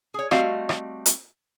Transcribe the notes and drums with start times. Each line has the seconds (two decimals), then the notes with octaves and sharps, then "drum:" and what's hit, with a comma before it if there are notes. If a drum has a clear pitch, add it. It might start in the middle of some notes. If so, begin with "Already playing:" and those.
0.14 G#4 C#5
0.31 G3 A3 C4 F#4 D#5 F5, drum: rim click
0.69 drum: rim click
1.06 drum: hi-hat